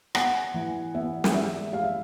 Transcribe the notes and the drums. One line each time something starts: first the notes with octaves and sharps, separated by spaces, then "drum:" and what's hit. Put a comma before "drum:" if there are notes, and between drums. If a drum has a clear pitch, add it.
B3 F#5 G#5, drum: rim click
E3
B3 E5
drum: snare
G#3 E5
G#3 F5
E5